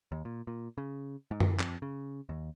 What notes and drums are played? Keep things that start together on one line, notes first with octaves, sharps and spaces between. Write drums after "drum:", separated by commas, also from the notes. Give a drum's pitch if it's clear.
D#2
A#2
A#2
C#3
G#2
drum: tom F#2
F2, drum: clap
C#3
D#2